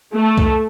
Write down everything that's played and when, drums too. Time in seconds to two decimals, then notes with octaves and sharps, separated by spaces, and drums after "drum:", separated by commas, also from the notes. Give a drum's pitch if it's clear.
0.15 A3
0.38 drum: kick C2